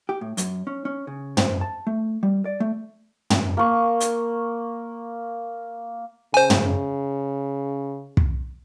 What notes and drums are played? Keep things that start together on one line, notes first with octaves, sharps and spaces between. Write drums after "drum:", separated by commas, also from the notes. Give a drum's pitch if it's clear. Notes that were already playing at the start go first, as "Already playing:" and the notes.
G4
A2
F#2, drum: hi-hat
C#4
C#4
C#3
C5, drum: tom
A5
A3
G3
D5
A3
drum: tom
A#3 C#6
drum: hi-hat
C#3 C5 G#5
drum: tom
drum: kick